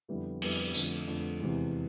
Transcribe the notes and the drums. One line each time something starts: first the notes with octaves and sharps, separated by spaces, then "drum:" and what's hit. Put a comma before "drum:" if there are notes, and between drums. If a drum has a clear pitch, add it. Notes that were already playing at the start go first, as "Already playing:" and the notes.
F2 D3 G3 B3 E4
F2 D3 G3 B3 E4, drum: cymbal
F2 D3 F3 A3, drum: tambourine
F2 D3 F3 A3
E2 C3 E3 G#3